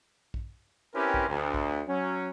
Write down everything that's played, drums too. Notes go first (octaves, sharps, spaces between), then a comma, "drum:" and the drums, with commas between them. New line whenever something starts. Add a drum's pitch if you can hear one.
drum: kick
C4 C#4 E4 G4 A#4 B4
drum: kick
D2
drum: kick
F#3 C#4